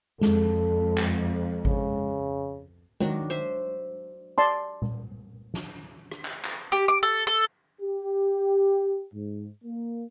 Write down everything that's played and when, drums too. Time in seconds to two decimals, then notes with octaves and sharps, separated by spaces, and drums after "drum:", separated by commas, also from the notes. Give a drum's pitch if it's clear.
0.21 F2 G#3 A4, drum: snare
0.97 drum: clap
1.65 C#3, drum: kick G#1
3.00 D#3 F#3 D4, drum: tom G#3
3.30 C5 E5
4.38 D5 A5 C6
4.82 drum: tom A#2
5.54 drum: snare
6.11 drum: rim click
6.25 drum: clap
6.44 drum: clap
6.72 G4
6.88 D6
7.03 A4
7.27 A4
7.81 G4
9.14 G#2
9.64 A#3